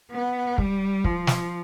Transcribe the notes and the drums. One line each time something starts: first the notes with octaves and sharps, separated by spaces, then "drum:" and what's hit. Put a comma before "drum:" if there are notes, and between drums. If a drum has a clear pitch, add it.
B3
G3, drum: kick
F3, drum: kick
drum: snare